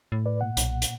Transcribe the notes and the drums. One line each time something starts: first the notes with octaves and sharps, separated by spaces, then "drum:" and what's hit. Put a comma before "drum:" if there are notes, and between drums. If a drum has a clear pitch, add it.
A2
B4 D5
A#2 F#5
B1, drum: hi-hat
drum: hi-hat